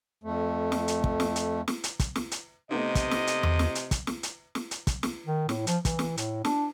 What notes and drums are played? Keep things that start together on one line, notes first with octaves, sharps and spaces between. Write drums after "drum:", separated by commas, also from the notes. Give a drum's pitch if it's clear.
F2 A3
drum: snare
drum: hi-hat
drum: kick
drum: snare
drum: hi-hat
drum: snare
drum: hi-hat
drum: kick, hi-hat
drum: snare
drum: hi-hat
C3 A3 B3 D#4 D#5
drum: kick, hi-hat
drum: snare
drum: hi-hat
drum: tom E2
drum: snare
drum: hi-hat
drum: kick, hi-hat
drum: snare
drum: hi-hat
drum: snare
drum: hi-hat
drum: kick, hi-hat
drum: snare
D#3
A2, drum: snare
F3, drum: hi-hat
E3, drum: kick, hi-hat
drum: snare
A2, drum: hi-hat
D4, drum: snare